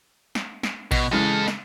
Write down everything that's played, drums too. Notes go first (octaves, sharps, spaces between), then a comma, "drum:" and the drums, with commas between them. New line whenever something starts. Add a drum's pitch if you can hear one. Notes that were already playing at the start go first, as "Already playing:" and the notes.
drum: snare
drum: snare
B2, drum: kick A1, cymbal
C#3 E3 G#3 A4 D#5
drum: snare